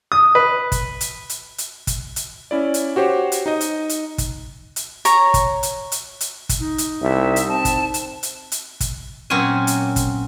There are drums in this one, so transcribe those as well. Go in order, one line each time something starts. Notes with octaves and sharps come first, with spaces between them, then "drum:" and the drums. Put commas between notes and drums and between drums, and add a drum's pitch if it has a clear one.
D#6
B4
drum: kick, hi-hat
drum: hi-hat
drum: hi-hat
drum: hi-hat
drum: kick, hi-hat
drum: hi-hat
C#4 E4 D5
drum: hi-hat
F#4 G4 C5 C#5
drum: hi-hat
D#4 D#5
drum: hi-hat
drum: hi-hat
drum: kick, hi-hat
drum: hi-hat
C#5 A#5, drum: hi-hat
drum: kick, hi-hat
drum: hi-hat
drum: hi-hat
drum: hi-hat
drum: kick, hi-hat
D#4
drum: hi-hat
C2 E5
drum: hi-hat
C4 A5
drum: kick, hi-hat
drum: hi-hat
drum: hi-hat
drum: hi-hat
drum: kick, hi-hat
A#2 F#3 C4 C#4 G#5
drum: hi-hat
drum: kick, hi-hat